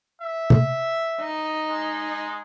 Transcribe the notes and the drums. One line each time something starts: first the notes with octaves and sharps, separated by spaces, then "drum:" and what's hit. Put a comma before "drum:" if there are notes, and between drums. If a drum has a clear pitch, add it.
E5
drum: tom C3
D#4
G#3